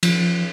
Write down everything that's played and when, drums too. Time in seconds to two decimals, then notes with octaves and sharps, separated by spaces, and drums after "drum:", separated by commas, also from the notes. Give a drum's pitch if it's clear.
0.03 F3, drum: cymbal